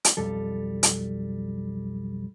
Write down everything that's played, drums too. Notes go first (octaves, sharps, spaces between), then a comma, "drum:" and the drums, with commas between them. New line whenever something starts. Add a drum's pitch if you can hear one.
drum: hi-hat
B1 F2 G3 A4
drum: hi-hat